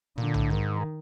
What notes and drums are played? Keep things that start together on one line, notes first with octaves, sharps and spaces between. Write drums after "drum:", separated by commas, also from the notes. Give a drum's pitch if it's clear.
A#2 D3
A2, drum: tom B1
G#2 D#3